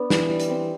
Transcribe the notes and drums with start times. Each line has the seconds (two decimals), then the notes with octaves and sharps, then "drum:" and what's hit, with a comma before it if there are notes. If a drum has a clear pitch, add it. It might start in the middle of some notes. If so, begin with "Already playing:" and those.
Already playing: B3 D4
0.10 E3, drum: snare
0.30 G3
0.40 drum: hi-hat
0.50 C4